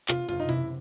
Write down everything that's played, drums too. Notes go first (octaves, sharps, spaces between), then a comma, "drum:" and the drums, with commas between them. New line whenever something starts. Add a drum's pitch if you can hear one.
C3 F4, drum: clap
F#1 F4, drum: hi-hat
D#4
C3 E4, drum: hi-hat